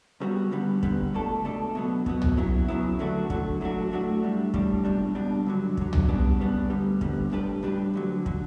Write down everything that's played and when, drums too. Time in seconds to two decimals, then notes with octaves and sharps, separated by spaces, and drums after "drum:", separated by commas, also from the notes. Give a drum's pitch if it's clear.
0.20 C#2 C#3 G3 B3 F#4
0.51 G2 D3 G3 B3
0.83 G2 D3 G3 B3, drum: kick
1.13 C#2 B2 A3 D4 A4
1.45 C#2 B2 A3 D4 A4
1.75 B2 F#3 B3
2.06 B2 F#3 B3, drum: kick
2.22 drum: tom C2
2.37 C#3 F#3 B3 E4
2.68 C#3 F#3 B3 E4
2.99 D3 F#3 A3 D4 F#4
3.30 D3 F#3 A3 D4 F#4, drum: kick
3.61 A2 F#3 A3 D4 F#4
3.92 A2 F#3 A3 D4 F#4
4.22 A2 G3 D4
4.54 A2 G3 D4, drum: kick
4.85 C#2 B2 G3 D4
5.15 C#2 B2 G3 D4
5.46 G2 D3 F#3
5.77 G2 D3 F#3, drum: kick
5.93 drum: tom C2
6.08 C#3 G3 B3 D4
6.39 C#3 G3 B3 D4
6.70 D2 D3 G3 B3
7.01 D2 D3 G3 B3, drum: kick
7.32 A2 G3 D4 G4 B4
7.63 A2 G3 D4 G4 B4
7.94 D2 D3 F#3
8.26 D3 F#3, drum: kick